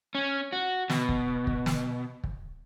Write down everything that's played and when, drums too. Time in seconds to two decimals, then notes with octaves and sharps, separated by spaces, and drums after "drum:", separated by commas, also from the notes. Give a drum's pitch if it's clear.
0.15 C#4
0.53 F#4
0.90 B2, drum: snare
1.09 drum: kick
1.47 drum: kick
1.66 drum: snare
2.24 drum: kick